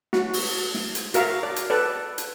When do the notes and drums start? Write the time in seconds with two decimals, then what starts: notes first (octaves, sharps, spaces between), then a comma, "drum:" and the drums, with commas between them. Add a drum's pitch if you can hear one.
0.13 F#4, drum: snare
0.33 drum: open hi-hat
0.74 drum: snare
0.95 drum: hi-hat
1.14 F#4 A#4 E5 F5, drum: hi-hat
1.43 D5
1.56 drum: hi-hat
1.70 A4 B4 D5
2.18 drum: hi-hat